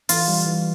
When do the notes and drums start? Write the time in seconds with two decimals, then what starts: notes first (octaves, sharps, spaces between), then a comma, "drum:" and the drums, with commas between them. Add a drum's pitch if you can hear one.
0.09 E3 F4, drum: open hi-hat
0.28 G3
0.46 E3